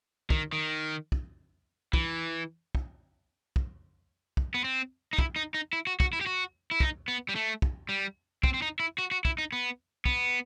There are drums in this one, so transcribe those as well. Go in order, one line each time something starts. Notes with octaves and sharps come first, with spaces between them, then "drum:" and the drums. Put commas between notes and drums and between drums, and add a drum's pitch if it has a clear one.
D#3, drum: kick
D#3
drum: kick
E3, drum: kick
drum: kick
drum: kick
drum: kick
B3
C4
D#4
E4, drum: kick
D#4
D#4
E4
F#4
F#4, drum: kick
E4
G4
F#4
E4
D#4, drum: kick
B3
G3
A3
drum: kick
G3
C4, drum: kick
C4
D#4
E4
F#4
F#4
E4, drum: kick
D#4
B3
B3, drum: kick